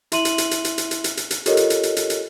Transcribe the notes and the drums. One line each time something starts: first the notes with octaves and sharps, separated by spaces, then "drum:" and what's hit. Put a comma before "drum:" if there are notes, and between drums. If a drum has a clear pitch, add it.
E4 E5 C6 D#7 F#7, drum: hi-hat
drum: hi-hat
drum: hi-hat
drum: hi-hat
drum: hi-hat
drum: hi-hat
drum: hi-hat
drum: hi-hat
drum: hi-hat
drum: hi-hat
F4 G4 A4 A#4 C#5 D#5, drum: hi-hat
drum: hi-hat
drum: hi-hat
drum: hi-hat
drum: hi-hat
drum: hi-hat